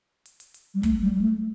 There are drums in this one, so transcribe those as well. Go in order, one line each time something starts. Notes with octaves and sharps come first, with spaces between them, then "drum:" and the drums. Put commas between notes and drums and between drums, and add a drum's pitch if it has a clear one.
drum: hi-hat
drum: hi-hat
drum: hi-hat
G3
A3, drum: kick, hi-hat
G3
G3
A3